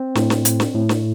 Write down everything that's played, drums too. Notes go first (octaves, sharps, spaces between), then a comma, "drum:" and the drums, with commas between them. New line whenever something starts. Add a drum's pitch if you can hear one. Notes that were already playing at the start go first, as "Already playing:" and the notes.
Already playing: C4
A2, drum: snare
drum: snare
drum: hi-hat
drum: snare
A2
drum: snare